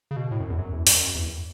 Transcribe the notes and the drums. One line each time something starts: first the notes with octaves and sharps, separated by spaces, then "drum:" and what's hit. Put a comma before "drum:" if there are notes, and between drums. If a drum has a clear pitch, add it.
C#3
B2
A2
F#2
E2
F#2
E2
F#2, drum: open hi-hat
E2